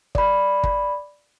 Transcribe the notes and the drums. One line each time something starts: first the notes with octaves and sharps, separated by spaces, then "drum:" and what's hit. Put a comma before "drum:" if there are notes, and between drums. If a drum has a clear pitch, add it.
D5 B5, drum: kick
drum: kick